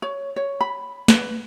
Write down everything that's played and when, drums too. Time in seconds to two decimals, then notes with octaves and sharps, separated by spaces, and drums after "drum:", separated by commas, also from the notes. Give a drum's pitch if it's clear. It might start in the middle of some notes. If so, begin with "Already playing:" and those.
0.02 C#5
0.36 C#5
0.61 B5
1.08 B4, drum: snare